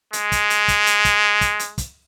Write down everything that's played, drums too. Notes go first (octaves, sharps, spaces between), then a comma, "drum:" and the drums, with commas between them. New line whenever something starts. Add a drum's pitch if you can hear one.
G#3, drum: hi-hat
drum: kick, hi-hat
drum: hi-hat
drum: kick, hi-hat
drum: hi-hat
drum: kick, hi-hat
drum: kick, hi-hat
drum: hi-hat
drum: kick, hi-hat